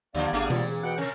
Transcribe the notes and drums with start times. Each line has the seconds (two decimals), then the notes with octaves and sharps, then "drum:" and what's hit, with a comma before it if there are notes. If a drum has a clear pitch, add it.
0.15 D#2 D3 F3 G3 A#3 B3 D5 F5
0.33 G#1 A3 D4 G#4
0.50 A#2 E3 C4 F4, drum: tom B2
0.69 G#4
0.83 B2 F#5 G5
0.98 C3 C#4 A#4